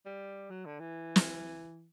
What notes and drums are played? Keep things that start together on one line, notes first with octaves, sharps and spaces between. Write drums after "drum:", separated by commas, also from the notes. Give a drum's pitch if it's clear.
G3
F#3
D3
E3
drum: snare